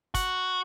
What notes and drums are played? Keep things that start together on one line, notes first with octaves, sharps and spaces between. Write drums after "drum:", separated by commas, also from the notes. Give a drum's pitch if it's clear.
F#4, drum: kick, hi-hat